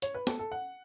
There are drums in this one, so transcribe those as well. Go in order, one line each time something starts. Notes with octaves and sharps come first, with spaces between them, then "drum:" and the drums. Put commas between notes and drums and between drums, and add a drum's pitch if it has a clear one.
C#5, drum: hi-hat
B4
A4, drum: snare
A4
F#5